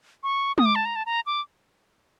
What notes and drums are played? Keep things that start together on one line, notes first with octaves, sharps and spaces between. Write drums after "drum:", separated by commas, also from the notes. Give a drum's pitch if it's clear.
C#6
D#6, drum: tom G#3
D6
A5
A#5
A5
A#5
D6